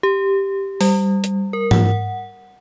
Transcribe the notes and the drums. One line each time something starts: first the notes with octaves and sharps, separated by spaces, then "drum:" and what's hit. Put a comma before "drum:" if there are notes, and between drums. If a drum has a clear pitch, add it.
G4
G3, drum: open hi-hat
drum: hi-hat
A#4
F#5, drum: tom G#2